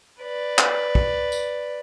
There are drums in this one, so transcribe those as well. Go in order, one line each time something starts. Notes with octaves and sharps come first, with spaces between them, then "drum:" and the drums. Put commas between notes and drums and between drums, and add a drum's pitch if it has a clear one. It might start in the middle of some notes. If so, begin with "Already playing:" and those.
B4 D5
drum: clap
drum: kick
drum: tambourine